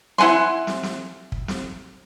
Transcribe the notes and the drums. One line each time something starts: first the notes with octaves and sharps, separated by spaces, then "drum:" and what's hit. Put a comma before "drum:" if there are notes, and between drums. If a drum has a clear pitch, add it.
E4 F#5 G#5 C6, drum: snare
drum: snare
drum: snare
drum: kick
drum: snare